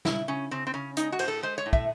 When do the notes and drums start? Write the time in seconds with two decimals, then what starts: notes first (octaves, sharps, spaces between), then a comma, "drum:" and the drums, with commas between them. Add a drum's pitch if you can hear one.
0.05 C#3 E4, drum: snare
0.28 C#3 C#4
0.51 C#3 C4
0.67 C4
0.74 C#3 C#4
0.97 G#3 D#4, drum: hi-hat
1.12 F#4
1.19 A2 C5, drum: cymbal
1.28 A4
1.43 G#3 C5
1.58 C#5
1.66 A2
1.73 E5, drum: kick